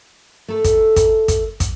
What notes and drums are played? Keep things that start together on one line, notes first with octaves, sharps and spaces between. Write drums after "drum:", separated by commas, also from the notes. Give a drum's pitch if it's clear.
A3 A4
drum: kick, hi-hat
drum: kick, hi-hat
drum: kick, hi-hat
drum: kick, hi-hat